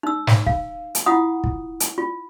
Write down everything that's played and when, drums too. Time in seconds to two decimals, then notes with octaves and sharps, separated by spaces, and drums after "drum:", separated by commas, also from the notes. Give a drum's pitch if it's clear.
0.03 D#4 E6
0.27 drum: snare
0.46 F5, drum: kick
0.95 drum: hi-hat
1.06 E4 F4 F#5 D#6
1.44 drum: kick
1.80 drum: hi-hat
1.98 F4